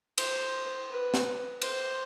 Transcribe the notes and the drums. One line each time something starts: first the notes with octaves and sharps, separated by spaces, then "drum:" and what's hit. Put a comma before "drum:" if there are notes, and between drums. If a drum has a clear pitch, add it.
C5, drum: cymbal
B4
drum: snare
C5, drum: cymbal